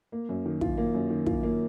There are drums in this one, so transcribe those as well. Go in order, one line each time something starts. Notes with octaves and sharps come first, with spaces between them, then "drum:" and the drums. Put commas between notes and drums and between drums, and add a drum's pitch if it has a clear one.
A#3
F#2
D#3
F4, drum: kick
A#3
F#2
D#3
F4, drum: kick
A#3